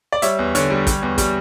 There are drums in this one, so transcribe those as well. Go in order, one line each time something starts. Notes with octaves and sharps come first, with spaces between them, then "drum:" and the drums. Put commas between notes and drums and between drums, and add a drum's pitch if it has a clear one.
D5
G3 C#5 E5, drum: hi-hat
E2
D3 C#5, drum: hi-hat
G3
G3, drum: kick, hi-hat
E2
G3, drum: kick, hi-hat